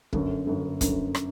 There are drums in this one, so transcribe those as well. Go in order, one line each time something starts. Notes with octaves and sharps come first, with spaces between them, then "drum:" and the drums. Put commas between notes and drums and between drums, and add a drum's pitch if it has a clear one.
G1 F#2 D3, drum: kick
G1 F#2 D3
G1 F#2 D3, drum: kick, hi-hat
drum: rim click